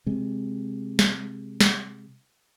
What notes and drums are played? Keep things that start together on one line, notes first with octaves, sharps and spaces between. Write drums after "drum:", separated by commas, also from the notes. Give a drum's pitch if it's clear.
C3 G#3
drum: snare
drum: snare